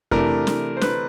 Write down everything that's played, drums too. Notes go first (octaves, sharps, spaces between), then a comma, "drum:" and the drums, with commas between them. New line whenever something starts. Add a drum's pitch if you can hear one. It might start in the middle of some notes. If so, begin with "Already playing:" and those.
C3 E3 A3 D4 A#4, drum: kick F2
drum: snare
C5
B4, drum: snare